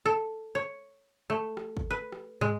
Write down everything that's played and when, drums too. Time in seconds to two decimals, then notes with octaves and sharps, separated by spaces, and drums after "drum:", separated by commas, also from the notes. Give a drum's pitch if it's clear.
0.05 A4
0.55 C#5
1.30 A3
1.57 drum: rim click
1.77 drum: kick
1.91 B4
2.12 drum: rim click
2.41 G#3, drum: tom